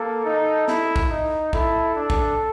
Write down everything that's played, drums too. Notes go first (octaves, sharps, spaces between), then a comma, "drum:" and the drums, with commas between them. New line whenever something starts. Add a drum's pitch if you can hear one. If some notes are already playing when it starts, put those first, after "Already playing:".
Already playing: A#3 A4
D#4
E4, drum: snare
drum: kick
D#4
E4 A4, drum: kick
D4
drum: kick